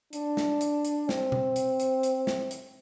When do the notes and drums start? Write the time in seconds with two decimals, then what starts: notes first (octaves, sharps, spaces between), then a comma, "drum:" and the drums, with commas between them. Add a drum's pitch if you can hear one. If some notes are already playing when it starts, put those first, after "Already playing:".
0.13 D4, drum: hi-hat
0.37 drum: snare
0.61 drum: hi-hat
0.85 drum: hi-hat
1.09 C4, drum: snare
1.32 drum: tom B2
1.56 drum: hi-hat
1.80 drum: hi-hat
2.03 drum: hi-hat
2.27 drum: snare
2.51 drum: hi-hat